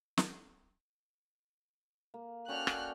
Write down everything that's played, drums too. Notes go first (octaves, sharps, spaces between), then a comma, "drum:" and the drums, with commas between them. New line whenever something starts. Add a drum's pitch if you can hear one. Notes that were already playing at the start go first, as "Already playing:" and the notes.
drum: snare
A#3
C#4 F#4 A4 D5 G5 F6 F#6
drum: rim click